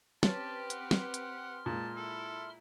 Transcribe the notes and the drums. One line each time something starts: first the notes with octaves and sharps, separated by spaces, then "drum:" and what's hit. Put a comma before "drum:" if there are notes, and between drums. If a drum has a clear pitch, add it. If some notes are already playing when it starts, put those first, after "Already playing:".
C4 C#4 G4 B4 A5 C6 F6, drum: snare
F#5, drum: hi-hat
drum: snare
drum: hi-hat
A#2 G#3 A5
E4 A4